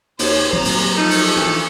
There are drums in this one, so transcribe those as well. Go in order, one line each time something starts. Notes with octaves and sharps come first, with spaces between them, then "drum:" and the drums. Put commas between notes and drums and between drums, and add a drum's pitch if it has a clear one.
D#2 C5 C#5, drum: open hi-hat
A#2 F#3 A#3 C4 A#5
drum: open hi-hat
F3 A3 D#4 C#7
drum: open hi-hat
E3 D4